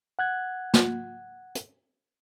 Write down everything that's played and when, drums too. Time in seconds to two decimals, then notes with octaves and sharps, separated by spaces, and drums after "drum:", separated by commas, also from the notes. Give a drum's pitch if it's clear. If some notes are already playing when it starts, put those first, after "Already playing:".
0.19 F#5 F#6 G#6
0.74 drum: snare
1.55 drum: hi-hat